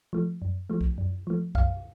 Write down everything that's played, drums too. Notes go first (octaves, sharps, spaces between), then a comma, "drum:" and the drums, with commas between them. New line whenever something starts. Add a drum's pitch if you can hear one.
F3 A3
F#2
F3 A3
drum: kick B1
F#2
F3 A3
F#2 F5, drum: kick B1